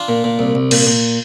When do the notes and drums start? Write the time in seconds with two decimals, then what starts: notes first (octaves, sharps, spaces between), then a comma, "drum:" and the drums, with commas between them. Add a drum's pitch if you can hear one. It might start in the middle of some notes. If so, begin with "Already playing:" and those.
Already playing: D4 F4
0.08 A#2
0.24 A#2
0.39 C2
0.55 C2
0.71 A#2, drum: cymbal
0.87 A#2